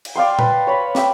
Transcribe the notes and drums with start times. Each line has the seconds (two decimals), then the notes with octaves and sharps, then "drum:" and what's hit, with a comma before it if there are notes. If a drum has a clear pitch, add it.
0.05 drum: cymbal
0.16 D5 F5 G5 C6
0.39 B4 D5, drum: tom A#2
0.67 C#5 B5
0.95 E5 G5 B5 D6, drum: snare